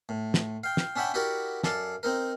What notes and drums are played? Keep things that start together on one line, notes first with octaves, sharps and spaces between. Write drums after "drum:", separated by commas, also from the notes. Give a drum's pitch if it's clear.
A2
drum: snare
F5 G5
drum: snare
C#4 D4 E5 F#5 G5 B5
E4 F#4 G4 A#4 D5 F#5
F#2 A4 D5 F5, drum: snare
C4 D#4 A#4